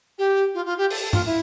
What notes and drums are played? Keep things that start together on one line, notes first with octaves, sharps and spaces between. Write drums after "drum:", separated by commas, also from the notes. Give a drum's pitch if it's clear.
G4
F4
F4
G4
A4, drum: open hi-hat
A4
F4, drum: tom G2
E4